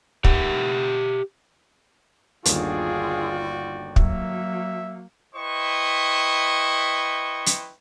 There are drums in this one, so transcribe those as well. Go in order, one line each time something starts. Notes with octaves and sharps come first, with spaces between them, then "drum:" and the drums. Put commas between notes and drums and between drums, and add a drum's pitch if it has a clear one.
G4 E5 F#5, drum: kick
G1 D#2 D3 F4 F#4 G#4 D5 G5, drum: hi-hat
F#3 A#3 E5, drum: kick
E4 B4 C5 D#5 G5 C#6
drum: hi-hat